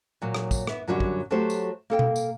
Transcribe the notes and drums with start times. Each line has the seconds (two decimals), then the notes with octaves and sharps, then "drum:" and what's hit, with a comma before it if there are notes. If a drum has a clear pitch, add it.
0.22 A#2 F#3
0.34 drum: rim click
0.51 drum: kick, tambourine
0.67 B3 E5, drum: rim click
0.88 F#2 D3 F#3 G3 F#4
1.00 drum: kick
1.31 F#3 A3 F#4 G4 C5
1.50 drum: tambourine
1.90 A#3 A4 G5
1.99 drum: tom B2
2.16 drum: tambourine